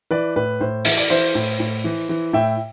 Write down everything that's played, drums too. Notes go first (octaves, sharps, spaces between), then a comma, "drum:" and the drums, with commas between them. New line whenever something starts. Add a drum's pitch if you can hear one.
E3 B4 D5
A2 B4
A2 C5
E3 E5, drum: open hi-hat
D5
E3 C5 E5
A2
A2
E3
E3
A2 E5 G5